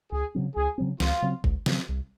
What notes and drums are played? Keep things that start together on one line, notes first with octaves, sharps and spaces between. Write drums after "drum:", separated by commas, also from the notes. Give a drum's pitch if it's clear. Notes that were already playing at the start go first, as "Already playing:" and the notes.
C#2 G#4
C#3 F#3 C4
C#2 G#4
C#3 F#3 C4
C#2 F4, drum: snare
C#3 F#3 C4
C#2, drum: kick G1
C#3 F#3 C4, drum: snare
C2